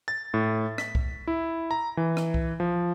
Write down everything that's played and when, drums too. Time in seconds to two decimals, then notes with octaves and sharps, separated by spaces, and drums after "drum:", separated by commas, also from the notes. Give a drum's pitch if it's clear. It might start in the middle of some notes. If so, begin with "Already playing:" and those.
0.08 A6
0.34 A2
0.78 B6, drum: rim click
0.95 drum: kick C2
1.27 E4
1.71 A#5
1.97 E3
2.17 drum: rim click
2.34 drum: kick C2
2.60 F3